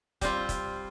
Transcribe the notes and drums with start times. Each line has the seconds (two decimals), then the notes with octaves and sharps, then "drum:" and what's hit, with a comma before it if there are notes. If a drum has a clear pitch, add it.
0.21 G3 C4 F4, drum: kick D#1, hi-hat
0.49 drum: kick D#1, hi-hat